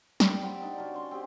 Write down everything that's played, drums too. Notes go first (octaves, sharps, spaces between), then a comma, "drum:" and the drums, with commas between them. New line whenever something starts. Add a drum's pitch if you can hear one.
G4 D5, drum: snare
C4 F#5 B5
D4 D#4 D5
F#3 F5 A5
C#4 C6 C#6
C4 G4 G#4